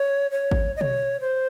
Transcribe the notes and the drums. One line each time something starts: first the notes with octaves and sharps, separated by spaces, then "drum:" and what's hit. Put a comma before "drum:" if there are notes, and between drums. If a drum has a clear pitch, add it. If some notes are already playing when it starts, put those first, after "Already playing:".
Already playing: C#5
C#5
drum: kick G#1
D#5
C#5, drum: tom B2
C5